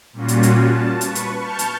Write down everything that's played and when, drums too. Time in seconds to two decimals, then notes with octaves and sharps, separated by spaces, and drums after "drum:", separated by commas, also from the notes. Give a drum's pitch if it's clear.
0.13 A#2 G3 C#4 F4 F#4
0.28 drum: hi-hat
0.43 drum: hi-hat
0.64 A5
1.01 B4 C#6, drum: hi-hat
1.15 drum: hi-hat
1.38 A5 C#6 F6 G6
1.59 drum: hi-hat